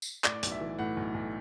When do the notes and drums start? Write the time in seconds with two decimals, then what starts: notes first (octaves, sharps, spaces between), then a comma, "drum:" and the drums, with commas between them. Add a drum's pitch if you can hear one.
0.02 drum: tambourine
0.24 A2 D5 D6, drum: clap
0.43 B1, drum: hi-hat
0.52 E5
0.61 E3
0.79 A2 F#5
0.97 B1
1.14 B1